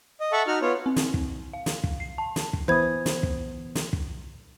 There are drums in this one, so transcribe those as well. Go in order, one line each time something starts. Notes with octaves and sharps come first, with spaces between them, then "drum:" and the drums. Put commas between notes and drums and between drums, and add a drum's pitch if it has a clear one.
D#5
A4 E5 F#5 A5 C#6
D#4 F#4 F6
B3 F4 C#5
C4
drum: snare
drum: kick
F5
drum: snare
drum: kick
C7
A5
drum: snare
drum: kick
E3 B3 C5 B5 D#6 G#6
drum: snare
drum: kick
drum: snare
drum: kick